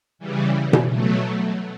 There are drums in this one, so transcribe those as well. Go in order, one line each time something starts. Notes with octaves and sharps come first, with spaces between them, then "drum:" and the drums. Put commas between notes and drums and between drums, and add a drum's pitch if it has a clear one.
C#3 E3 G3
drum: tom B2
B2 F#3 A3